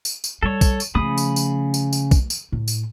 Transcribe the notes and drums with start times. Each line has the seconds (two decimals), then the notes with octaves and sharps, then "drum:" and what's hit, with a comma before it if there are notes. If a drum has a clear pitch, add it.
0.05 drum: tambourine
0.24 drum: tambourine
0.43 G3 A4 C#5
0.61 drum: kick, tambourine
0.80 drum: tambourine
0.95 C#3 F3 A3 B5 D#6
1.18 drum: tambourine
1.36 drum: tambourine
1.74 drum: tambourine
1.93 drum: tambourine
2.11 drum: kick, tambourine
2.30 drum: tambourine
2.52 A2
2.68 drum: tambourine